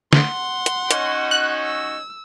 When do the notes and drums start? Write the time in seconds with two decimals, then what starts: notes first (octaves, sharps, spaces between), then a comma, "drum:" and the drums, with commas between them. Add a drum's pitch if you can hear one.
0.13 F#5 C6, drum: snare
0.66 drum: hi-hat
0.91 C#4 D#4 F#4, drum: hi-hat
1.31 F#6
1.65 E6